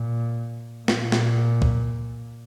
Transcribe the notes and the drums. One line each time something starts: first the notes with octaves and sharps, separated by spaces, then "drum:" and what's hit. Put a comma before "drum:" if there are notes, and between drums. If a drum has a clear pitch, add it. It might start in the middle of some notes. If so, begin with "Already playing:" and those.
Already playing: A#2
A#2, drum: snare
drum: snare
drum: kick